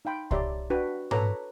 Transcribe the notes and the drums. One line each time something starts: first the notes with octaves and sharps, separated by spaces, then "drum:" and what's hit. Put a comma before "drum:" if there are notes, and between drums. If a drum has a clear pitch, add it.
D#4 F5 G5 B5 C6
G4 C#5 D5 E5 A#5 C6, drum: kick C2
D4 F#4 B4 G5
A4 B4 C#5 A#5 D6, drum: tom G#2